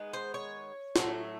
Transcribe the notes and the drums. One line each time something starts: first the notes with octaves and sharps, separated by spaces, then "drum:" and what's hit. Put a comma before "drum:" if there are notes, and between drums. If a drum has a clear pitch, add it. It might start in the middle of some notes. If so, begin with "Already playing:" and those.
Already playing: D#3 G#3 B3
C5
C#5
A2 F#3 A3, drum: snare